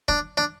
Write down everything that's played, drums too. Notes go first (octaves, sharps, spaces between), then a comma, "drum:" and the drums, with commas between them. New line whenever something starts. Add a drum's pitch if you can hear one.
D4, drum: kick
D4